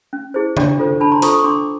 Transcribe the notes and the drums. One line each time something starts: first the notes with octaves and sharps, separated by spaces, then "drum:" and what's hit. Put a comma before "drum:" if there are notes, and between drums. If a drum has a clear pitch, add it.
C#4
E4 G#4 C5
D4, drum: tom C#3
F4 A4 C5
D4 A5 B5
A#5 C6
F4 A4 C5 C#6 D#6, drum: hi-hat
C#6 D#6
D4 C6 D6